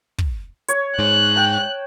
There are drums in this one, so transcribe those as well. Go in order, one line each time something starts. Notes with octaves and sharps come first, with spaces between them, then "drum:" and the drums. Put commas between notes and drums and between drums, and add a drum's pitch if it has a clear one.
drum: kick
C#5, drum: hi-hat
G#2 F#6
G5 A5